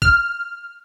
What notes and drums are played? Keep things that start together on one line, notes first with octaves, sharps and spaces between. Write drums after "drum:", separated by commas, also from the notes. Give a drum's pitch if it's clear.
F6, drum: kick A1